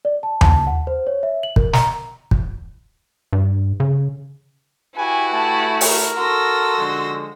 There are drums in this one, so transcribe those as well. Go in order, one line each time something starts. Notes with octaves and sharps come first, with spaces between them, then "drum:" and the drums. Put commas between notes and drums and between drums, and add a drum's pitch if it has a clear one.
D5
A5
A5, drum: tom D#2
F#5
C5
C#5
E5
F#7
A#4, drum: kick
A#5, drum: snare
drum: kick
G2
C#3
E4 F#4 G4 B4 G#5
A3 G#5 A5
A#4, drum: open hi-hat
F#4 A4 C6 E6 A#6
D3 F3 G#3